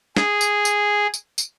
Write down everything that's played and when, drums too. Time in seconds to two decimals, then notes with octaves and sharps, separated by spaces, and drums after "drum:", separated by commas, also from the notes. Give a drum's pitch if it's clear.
0.17 G#4, drum: snare
0.41 drum: tambourine
0.65 drum: tambourine
1.14 drum: tambourine
1.38 drum: tambourine